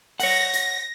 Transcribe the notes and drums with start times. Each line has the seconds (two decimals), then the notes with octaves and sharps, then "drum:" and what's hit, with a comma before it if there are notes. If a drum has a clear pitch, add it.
0.20 C#5 F#5 A#6, drum: open hi-hat
0.53 drum: hi-hat